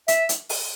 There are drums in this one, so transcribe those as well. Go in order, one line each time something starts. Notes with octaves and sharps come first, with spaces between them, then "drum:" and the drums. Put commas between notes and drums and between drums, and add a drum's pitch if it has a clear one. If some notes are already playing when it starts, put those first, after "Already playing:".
E5, drum: hi-hat
drum: hi-hat
drum: open hi-hat